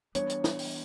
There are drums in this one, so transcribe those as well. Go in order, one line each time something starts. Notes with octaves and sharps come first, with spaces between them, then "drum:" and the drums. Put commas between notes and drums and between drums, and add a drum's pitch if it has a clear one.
E3 G3 B3 D4 C#5, drum: hi-hat
drum: hi-hat
drum: snare
drum: open hi-hat